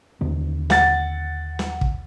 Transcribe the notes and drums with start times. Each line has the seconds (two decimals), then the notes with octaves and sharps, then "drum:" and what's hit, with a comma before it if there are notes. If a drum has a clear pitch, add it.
0.21 D#2 D3 C4
0.70 F#5 A6, drum: snare
1.59 drum: snare
1.81 drum: kick